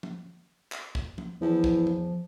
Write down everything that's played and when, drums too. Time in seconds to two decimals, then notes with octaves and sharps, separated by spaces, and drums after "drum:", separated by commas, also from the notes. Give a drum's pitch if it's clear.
0.03 drum: tom
0.72 drum: clap
0.95 drum: kick
1.18 drum: tom
1.41 E2 F3
1.64 drum: kick
1.87 drum: tom